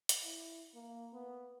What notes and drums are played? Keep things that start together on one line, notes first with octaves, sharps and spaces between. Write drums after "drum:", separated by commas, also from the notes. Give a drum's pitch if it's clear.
drum: hi-hat
E4
A#3
B3